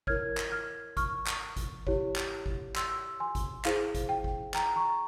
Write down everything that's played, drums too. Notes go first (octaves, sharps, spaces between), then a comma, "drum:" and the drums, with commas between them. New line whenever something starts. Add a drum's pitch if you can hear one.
E4 A#4 C#5 F6 G#6, drum: kick G#1
drum: clap
F6 G#6
C#6 F6, drum: kick G#1, hi-hat
drum: clap
drum: kick G#1, hi-hat
E4 G4 C#5, drum: kick G#1
drum: clap
drum: kick G#1
C6 E6, drum: clap
G#5 C6
drum: kick G#1, hi-hat
E4 G#4 C5 F5, drum: clap
drum: kick G#1, hi-hat
G5
drum: kick G#1
G5 A#5, drum: clap
A#5 C#6